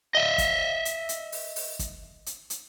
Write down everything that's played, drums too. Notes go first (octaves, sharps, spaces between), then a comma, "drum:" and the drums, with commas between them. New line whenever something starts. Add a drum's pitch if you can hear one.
D#5 E5
drum: kick, hi-hat
drum: hi-hat
drum: hi-hat
drum: open hi-hat
drum: open hi-hat
drum: kick, hi-hat
drum: hi-hat
drum: hi-hat